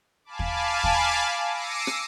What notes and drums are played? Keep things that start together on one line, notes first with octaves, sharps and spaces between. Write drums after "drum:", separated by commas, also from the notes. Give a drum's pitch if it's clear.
F5 G#5 A5 B5 D6
drum: kick
drum: kick
D6 E6 A#6 C7 C#7 D#7
drum: rim click